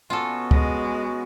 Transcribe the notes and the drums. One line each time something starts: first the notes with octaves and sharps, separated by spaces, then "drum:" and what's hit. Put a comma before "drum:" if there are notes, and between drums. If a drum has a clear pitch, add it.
B2 B3 C#4 F4 F#4 A4 G#5
G#3, drum: kick